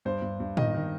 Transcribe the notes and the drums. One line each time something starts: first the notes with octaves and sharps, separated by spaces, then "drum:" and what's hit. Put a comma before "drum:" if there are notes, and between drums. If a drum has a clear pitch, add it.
G2 C5
G2
G2
D#3 D#5, drum: tom A2
D#3